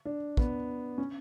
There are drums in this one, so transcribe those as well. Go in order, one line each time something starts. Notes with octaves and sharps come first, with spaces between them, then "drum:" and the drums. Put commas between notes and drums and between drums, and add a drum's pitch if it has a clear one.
D4
B3, drum: kick
C#4